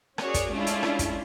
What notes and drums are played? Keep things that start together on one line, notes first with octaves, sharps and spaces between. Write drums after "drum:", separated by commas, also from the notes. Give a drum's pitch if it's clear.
C#4 F#4 G#4 A#4 C#5 D5, drum: rim click
drum: kick, hi-hat
G#3 A3 C#4 D4 E4 F4
drum: hi-hat
drum: rim click
drum: kick, hi-hat